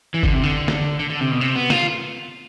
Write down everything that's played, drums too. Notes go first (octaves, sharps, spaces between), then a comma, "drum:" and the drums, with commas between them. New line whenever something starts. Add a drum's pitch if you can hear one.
E3
D3, drum: kick F#1
C3
D3
drum: snare
D3
D3
C3
B2
C3
B3
F4, drum: snare